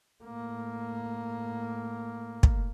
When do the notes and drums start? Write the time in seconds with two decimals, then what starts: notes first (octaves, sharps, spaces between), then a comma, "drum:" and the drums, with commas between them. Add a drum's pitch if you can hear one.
0.25 A2 A#3
2.43 drum: kick